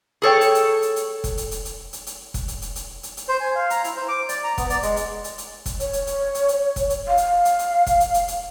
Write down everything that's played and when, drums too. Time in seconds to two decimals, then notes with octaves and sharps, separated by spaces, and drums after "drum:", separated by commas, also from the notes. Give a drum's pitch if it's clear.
0.22 G#4 A4 C#5 G5
0.41 drum: hi-hat
0.55 drum: hi-hat
0.82 drum: hi-hat
0.96 drum: hi-hat
1.24 drum: kick, hi-hat
1.38 drum: hi-hat
1.51 drum: hi-hat
1.65 drum: hi-hat
1.93 drum: hi-hat
2.07 drum: hi-hat
2.34 drum: kick, hi-hat
2.48 drum: hi-hat
2.62 drum: hi-hat
2.76 drum: hi-hat
3.03 drum: hi-hat
3.17 drum: hi-hat
3.28 C5
3.40 G#5
3.55 F5
3.70 A#5, drum: hi-hat
3.84 E4, drum: hi-hat
3.96 C5
4.08 D6
4.29 D5, drum: hi-hat
4.44 A#5
4.58 B3, drum: kick, hi-hat
4.70 D5, drum: hi-hat
4.83 G#3, drum: hi-hat
4.97 drum: hi-hat
5.24 drum: hi-hat
5.38 drum: hi-hat
5.66 drum: kick, hi-hat
5.80 C#5, drum: hi-hat
5.93 drum: hi-hat
6.07 drum: hi-hat
6.35 drum: hi-hat
6.48 drum: hi-hat
6.76 drum: kick, hi-hat
6.90 drum: hi-hat
7.08 F5
7.17 drum: hi-hat
7.45 drum: hi-hat
7.59 drum: hi-hat
7.87 drum: kick, hi-hat
8.00 drum: hi-hat
8.14 drum: hi-hat
8.28 drum: hi-hat